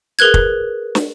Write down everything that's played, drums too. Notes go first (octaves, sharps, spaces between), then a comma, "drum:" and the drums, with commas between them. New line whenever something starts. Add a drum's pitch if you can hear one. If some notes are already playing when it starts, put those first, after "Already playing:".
G#4 A#4 B4 F#6 G#6
drum: kick
drum: snare